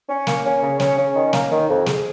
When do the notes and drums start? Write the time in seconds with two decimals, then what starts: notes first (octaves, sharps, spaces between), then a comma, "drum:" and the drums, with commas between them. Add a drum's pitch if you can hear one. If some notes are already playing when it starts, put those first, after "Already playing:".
0.09 C#4
0.27 A#3, drum: snare
0.45 C#4
0.62 C#3
0.80 C#4, drum: snare
0.98 C#4
1.15 D#3
1.33 A#3, drum: snare
1.51 D#3
1.69 F2
1.86 G#4, drum: snare